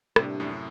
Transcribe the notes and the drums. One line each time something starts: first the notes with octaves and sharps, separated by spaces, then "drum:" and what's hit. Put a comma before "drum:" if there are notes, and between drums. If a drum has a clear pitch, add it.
A2 C3 G3 A#3 D4 G4, drum: rim click
F#2 A2